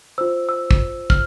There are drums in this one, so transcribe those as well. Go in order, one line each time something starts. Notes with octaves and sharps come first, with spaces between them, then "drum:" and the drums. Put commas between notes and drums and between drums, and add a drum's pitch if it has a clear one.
F4 C5 E6
E6
drum: kick
F6, drum: kick